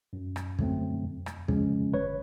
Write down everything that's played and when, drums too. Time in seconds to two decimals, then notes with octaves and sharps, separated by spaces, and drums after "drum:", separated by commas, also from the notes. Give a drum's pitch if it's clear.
0.13 F#2
0.36 drum: rim click
0.59 D3 F#3 A3 C4, drum: kick
1.03 F2
1.26 drum: rim click
1.48 C#3 F3 G#3 C#4, drum: kick
1.93 G1 B4 C#5